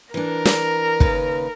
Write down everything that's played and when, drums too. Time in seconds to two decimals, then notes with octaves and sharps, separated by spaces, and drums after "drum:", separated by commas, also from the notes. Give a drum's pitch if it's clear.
0.14 E3 D4 A#4
0.45 drum: snare
1.00 D#2 C#3 B4, drum: kick